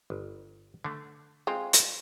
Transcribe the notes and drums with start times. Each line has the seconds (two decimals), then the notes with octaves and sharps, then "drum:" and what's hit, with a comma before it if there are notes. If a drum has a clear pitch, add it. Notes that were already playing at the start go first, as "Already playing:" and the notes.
0.10 G1
0.84 D3 A3
1.47 G#3 C4 F4
1.73 drum: hi-hat